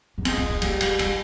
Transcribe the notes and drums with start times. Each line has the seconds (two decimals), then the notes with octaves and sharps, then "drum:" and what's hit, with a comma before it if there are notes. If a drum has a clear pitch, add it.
0.18 C#4
0.25 G#3 C4, drum: cymbal
0.37 C4
0.49 C4
0.62 G3 A#3, drum: cymbal
0.81 G#3, drum: cymbal
0.99 G3, drum: cymbal